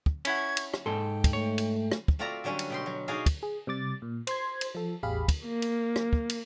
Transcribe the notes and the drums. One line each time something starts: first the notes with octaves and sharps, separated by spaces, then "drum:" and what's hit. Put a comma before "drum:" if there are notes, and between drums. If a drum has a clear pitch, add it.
drum: kick
C#4 E4 F#5 C#6 G#6, drum: cymbal
drum: cymbal
drum: rim click
G#2 A4 G5 C6
drum: kick, cymbal
A3 C#5
drum: cymbal
drum: rim click
drum: kick
A3 C4 F4 F#4 D5 A#5
D3 F#3 G3 C#4
drum: cymbal
B2 G5 C6
F#3
D#4 F#4 G#4 D5 F5
drum: kick, cymbal
G#4
C3 G3 D6 A6
A#2
C5 C6 G#6, drum: cymbal
drum: cymbal
F3 A4
A1 E2 G4 G#4 F5 B5
drum: kick, cymbal
A#3
drum: cymbal
drum: rim click
drum: kick
drum: cymbal